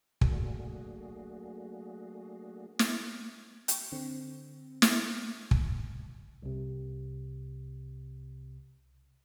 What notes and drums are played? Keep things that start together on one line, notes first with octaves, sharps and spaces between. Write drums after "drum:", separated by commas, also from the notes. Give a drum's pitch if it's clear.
F#3 A3 A#3 D4 F#4 G#4, drum: kick
drum: snare
G5 C#6, drum: hi-hat
D3 C4
drum: snare
drum: kick
C2 C3